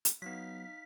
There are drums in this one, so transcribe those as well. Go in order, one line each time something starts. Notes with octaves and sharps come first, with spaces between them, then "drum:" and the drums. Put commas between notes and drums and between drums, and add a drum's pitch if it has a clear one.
drum: hi-hat
F#3 B3 D#4 F5 B6